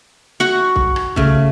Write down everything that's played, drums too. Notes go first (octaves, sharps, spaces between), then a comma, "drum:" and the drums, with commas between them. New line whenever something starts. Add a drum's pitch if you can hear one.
F#4 F#5
drum: kick C2
drum: rim click
C#3 A3, drum: kick C2